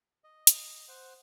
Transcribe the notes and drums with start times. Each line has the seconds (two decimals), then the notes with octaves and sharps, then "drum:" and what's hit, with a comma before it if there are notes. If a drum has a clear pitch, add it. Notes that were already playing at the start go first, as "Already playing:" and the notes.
0.24 D#5
0.47 drum: hi-hat
0.88 C5 F#5